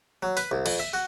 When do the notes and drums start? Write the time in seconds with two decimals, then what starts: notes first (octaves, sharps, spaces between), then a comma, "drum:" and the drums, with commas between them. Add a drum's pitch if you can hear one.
0.23 F#3
0.37 B4, drum: open hi-hat
0.51 C2
0.66 F2, drum: cymbal
0.79 E5
0.93 F#4